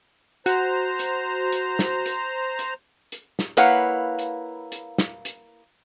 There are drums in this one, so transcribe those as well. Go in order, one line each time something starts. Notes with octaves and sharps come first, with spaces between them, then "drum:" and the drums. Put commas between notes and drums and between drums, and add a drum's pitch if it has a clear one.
F#4 C5 A#5, drum: hi-hat
drum: hi-hat
drum: hi-hat
drum: snare
drum: hi-hat
drum: hi-hat
drum: hi-hat
drum: snare
A#3 E4 B4 C#5 F5 F#5
drum: hi-hat
drum: hi-hat
drum: snare
drum: hi-hat